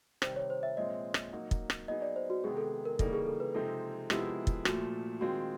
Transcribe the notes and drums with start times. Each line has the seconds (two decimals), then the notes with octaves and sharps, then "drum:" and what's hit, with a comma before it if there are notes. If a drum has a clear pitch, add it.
0.22 C3 D#3 G3 C5, drum: rim click
0.36 C#5
0.50 C5
0.63 E5
0.77 A#2 F3 G#3 C4 D#5
1.14 drum: rim click
1.33 F#3 A#3 D#4 F#4
1.51 drum: kick
1.70 drum: rim click
1.88 F#3 B3 D#4 G#4 D#5
2.02 D5
2.16 C5
2.30 F#4
2.44 C3 D#3 G#3 B3 G#4
2.57 A4
2.86 A#4
2.99 C#3 E3 G3 A#3 D#4 A4, drum: kick
3.13 G#4
3.26 A4
3.40 B4
3.55 C3 F3 G#3 C4 D#4 A4
4.10 C3 F3 G#3 B3 E4 G4, drum: rim click
4.47 drum: kick
4.65 A#2 F3 A3 F#4, drum: rim click
5.21 D#3 G#3 C4 F4 F#4